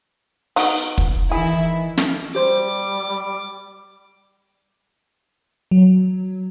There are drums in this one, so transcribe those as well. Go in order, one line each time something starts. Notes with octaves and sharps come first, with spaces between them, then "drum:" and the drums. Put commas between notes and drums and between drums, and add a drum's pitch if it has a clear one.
B3 D#4 F#4, drum: open hi-hat
drum: kick
D#3 E3 E4 G#4
E3
drum: snare
G3 G4 C5 C6 D6
F#3